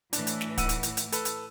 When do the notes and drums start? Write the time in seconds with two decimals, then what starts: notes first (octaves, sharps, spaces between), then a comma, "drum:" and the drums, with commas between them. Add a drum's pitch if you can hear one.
0.13 A2 E3 D4, drum: hi-hat
0.27 drum: hi-hat
0.41 drum: snare
0.57 F#5 E6 D#7, drum: kick, hi-hat
0.69 drum: hi-hat
0.83 drum: hi-hat
0.97 drum: hi-hat
1.12 A4 B4, drum: hi-hat
1.25 drum: hi-hat